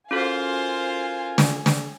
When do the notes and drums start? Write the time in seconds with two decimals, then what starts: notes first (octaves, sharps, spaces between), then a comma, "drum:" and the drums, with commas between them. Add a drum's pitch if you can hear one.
0.11 C#4 F4 F#4 A4 A#4 C5 F5 G#5
1.38 drum: snare
1.66 drum: snare